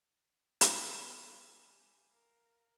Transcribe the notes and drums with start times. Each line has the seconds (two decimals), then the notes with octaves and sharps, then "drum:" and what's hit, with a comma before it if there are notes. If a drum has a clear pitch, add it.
0.61 drum: hi-hat
0.99 G4 G#5
2.10 A#4 F5